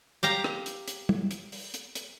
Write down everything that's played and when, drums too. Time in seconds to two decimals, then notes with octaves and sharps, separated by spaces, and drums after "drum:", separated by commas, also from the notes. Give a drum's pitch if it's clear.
0.23 G4 F5 A#5, drum: hi-hat
0.44 drum: rim click
0.66 drum: hi-hat
0.88 drum: hi-hat
1.09 drum: tom
1.31 drum: hi-hat
1.52 drum: open hi-hat
1.74 drum: hi-hat
1.95 drum: hi-hat